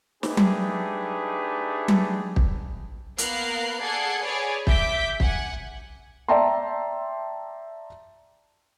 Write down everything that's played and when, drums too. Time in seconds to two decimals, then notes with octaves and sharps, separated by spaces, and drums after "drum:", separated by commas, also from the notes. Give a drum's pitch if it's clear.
0.23 A3 D4 D#4 G4 G#4 B4, drum: snare
0.37 drum: tom F#3
1.88 drum: tom F#3
2.36 drum: kick
3.18 A#3 B3 A#4 F5 F#6 C7, drum: hi-hat
3.81 G#4 A4 D5 F#5 G#6 C7
4.24 G#4 B4 C#5 D5 G#5
4.67 E5 D6 G6 B6, drum: kick
5.20 F#5 G#5, drum: kick
6.28 D5 E5 G5 A5 A#5 C6